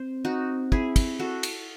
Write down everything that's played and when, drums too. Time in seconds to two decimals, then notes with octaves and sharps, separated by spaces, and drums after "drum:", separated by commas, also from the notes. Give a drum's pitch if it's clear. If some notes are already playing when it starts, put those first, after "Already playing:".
Already playing: C4 C5
0.25 D#4 F#4
0.72 E4 G#4, drum: kick
0.96 drum: kick, cymbal
1.19 F#4 A4
1.43 drum: cymbal